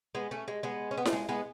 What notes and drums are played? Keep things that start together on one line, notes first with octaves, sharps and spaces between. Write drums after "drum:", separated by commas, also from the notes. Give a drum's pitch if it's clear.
G#3 B3
A3 C#4
G#3
G#3 B3
C#4
B3
A3, drum: snare E4
G#3
G#3 B3